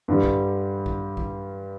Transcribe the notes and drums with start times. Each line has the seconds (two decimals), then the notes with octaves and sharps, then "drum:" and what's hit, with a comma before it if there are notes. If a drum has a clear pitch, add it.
0.08 G2 D3 G3
0.23 drum: kick A#1
0.86 drum: kick A#1
1.17 drum: kick A#1